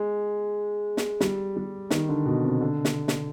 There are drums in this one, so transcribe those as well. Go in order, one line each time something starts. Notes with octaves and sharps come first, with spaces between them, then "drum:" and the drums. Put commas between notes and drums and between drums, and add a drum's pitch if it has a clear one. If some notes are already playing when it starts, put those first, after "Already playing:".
Already playing: G#3
drum: snare
G3, drum: snare
G3
D#3, drum: snare
D3
B2
C3
D3
drum: snare
drum: snare